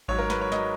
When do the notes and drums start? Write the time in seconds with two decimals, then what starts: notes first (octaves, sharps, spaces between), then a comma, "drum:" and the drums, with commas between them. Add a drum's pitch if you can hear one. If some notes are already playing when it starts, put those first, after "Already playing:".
0.08 G#2 F#3 C#5, drum: kick G#1
0.19 A#4
0.30 B4, drum: snare
0.41 C#5
0.52 F#3 D#5, drum: snare